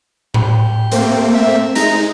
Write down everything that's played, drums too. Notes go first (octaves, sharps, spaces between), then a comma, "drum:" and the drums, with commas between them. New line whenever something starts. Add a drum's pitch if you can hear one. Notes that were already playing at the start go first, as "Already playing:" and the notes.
G4, drum: tom A2
A3 A#3 C4, drum: hi-hat
E5
G#3 D#4 A#5, drum: hi-hat